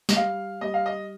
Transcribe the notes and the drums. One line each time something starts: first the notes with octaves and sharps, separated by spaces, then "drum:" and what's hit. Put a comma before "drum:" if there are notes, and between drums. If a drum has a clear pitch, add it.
D#5, drum: snare
G3 F5
G3 D#5
F5
D#5